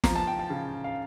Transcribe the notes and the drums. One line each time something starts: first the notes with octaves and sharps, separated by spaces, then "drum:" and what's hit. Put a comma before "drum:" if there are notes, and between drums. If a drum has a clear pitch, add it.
F3 A#5, drum: snare
A5
G5
A5
C#3
F5